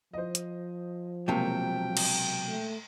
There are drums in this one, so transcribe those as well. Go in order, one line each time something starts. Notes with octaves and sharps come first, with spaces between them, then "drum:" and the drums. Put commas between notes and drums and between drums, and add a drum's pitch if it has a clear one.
F3 C5 D#5
drum: hi-hat
E1 C3 F#3 A#3 G5 A5
drum: cymbal
A3